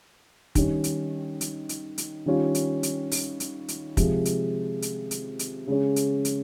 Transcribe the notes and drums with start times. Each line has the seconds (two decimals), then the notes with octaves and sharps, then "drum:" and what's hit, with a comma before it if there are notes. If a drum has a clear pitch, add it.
0.55 D#3 G3 C#4, drum: kick, hi-hat
0.84 drum: hi-hat
1.41 drum: hi-hat
1.69 drum: hi-hat
1.98 drum: hi-hat
2.26 D#3 G3 C#4 F4
2.55 drum: hi-hat
2.83 drum: hi-hat
3.12 drum: open hi-hat
3.40 drum: hi-hat
3.68 drum: hi-hat
3.97 C3 F3 G#3, drum: kick, hi-hat
4.25 drum: hi-hat
4.82 drum: hi-hat
5.11 drum: hi-hat
5.39 drum: hi-hat
5.67 C#3 G#3 C#4
5.96 drum: hi-hat
6.25 drum: hi-hat